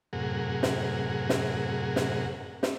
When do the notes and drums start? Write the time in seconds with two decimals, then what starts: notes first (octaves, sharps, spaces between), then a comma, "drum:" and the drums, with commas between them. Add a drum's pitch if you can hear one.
0.13 F#2 A2 C3 G#4 A#4 F#5
0.63 drum: snare
1.29 drum: snare
1.96 drum: snare
2.63 drum: snare